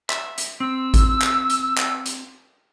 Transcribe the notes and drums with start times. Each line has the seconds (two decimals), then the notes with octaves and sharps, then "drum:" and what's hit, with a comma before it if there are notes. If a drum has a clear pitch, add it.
0.10 E5, drum: clap
0.38 drum: hi-hat
0.60 C4 E6
0.94 drum: kick G#1, hi-hat
1.22 drum: clap
1.50 drum: hi-hat
1.78 drum: clap
2.06 drum: hi-hat